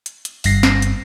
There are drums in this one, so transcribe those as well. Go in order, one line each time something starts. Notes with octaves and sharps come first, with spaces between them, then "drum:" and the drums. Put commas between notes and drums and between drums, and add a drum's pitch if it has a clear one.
drum: hi-hat
drum: hi-hat
G1 G2 A#6 C7, drum: open hi-hat
drum: snare
drum: hi-hat